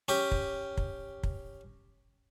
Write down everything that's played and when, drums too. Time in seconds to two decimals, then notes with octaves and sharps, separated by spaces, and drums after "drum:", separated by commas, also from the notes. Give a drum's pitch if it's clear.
0.08 C#4 G4
0.31 drum: kick
0.77 drum: kick
1.23 drum: kick